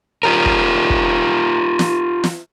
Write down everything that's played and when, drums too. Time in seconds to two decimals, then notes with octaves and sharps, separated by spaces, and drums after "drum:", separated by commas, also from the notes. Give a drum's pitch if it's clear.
0.23 F4 G4 A#4
0.46 drum: kick
0.90 drum: kick
1.79 drum: snare
2.24 drum: snare